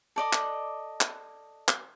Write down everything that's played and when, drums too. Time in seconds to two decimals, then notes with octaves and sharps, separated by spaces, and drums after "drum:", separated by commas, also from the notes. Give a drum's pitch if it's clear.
0.16 A4 D5 D#5 D6
0.33 drum: clap
1.01 drum: clap
1.68 drum: clap